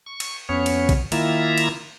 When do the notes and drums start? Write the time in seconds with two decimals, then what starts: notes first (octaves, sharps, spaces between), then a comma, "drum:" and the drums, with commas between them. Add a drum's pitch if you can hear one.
0.06 C#6
0.20 drum: cymbal
0.49 F2 B3 C#4 C#5
0.66 drum: cymbal
0.89 drum: kick A#1, cymbal
1.12 D#3 A#3 E4 F4 E5 A#5, drum: cymbal
1.58 drum: cymbal